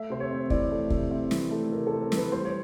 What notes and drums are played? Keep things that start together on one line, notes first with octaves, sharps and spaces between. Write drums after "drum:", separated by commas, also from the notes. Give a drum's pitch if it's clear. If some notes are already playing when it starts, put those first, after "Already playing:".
Already playing: A3 E5
C3 C5
C#5
C4
E3 D5, drum: kick
A3
C3, drum: kick
C4 E5
E3, drum: snare
A3
C3 A#4
A4
C4
A#4
E3 B4, drum: snare
G3 C5
C#5